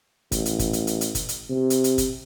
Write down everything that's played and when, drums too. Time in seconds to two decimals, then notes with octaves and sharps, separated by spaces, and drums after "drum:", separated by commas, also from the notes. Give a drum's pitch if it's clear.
0.32 A1, drum: kick, hi-hat
0.46 drum: hi-hat
0.59 drum: kick, hi-hat
0.73 drum: hi-hat
0.87 drum: hi-hat
1.01 drum: hi-hat
1.15 drum: kick, hi-hat
1.29 drum: hi-hat
1.50 C3
1.70 drum: hi-hat
1.84 drum: hi-hat
1.98 drum: kick, hi-hat